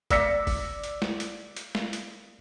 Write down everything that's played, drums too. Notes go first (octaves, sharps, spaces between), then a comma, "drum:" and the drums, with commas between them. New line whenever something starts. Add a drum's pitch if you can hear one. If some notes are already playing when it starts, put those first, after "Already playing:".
D5 D6 E6 A#6 B6 C#7, drum: kick, hi-hat
drum: kick, open hi-hat
drum: hi-hat
drum: snare
drum: hi-hat
drum: hi-hat
drum: snare
drum: hi-hat